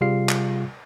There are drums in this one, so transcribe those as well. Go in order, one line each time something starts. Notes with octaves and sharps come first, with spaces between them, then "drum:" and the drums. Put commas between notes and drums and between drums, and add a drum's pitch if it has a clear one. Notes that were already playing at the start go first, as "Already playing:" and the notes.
C3 G3 F4 G#4 F5 C7
drum: clap